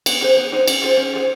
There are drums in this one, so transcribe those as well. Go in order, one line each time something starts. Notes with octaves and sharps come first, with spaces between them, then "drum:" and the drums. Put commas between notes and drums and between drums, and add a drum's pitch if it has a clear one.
B3, drum: cymbal
D#4 G#4 C5
B3
D#4 G#4 C5
C#4, drum: cymbal
F4 G#4 C5
C#4
F4 G#4 C5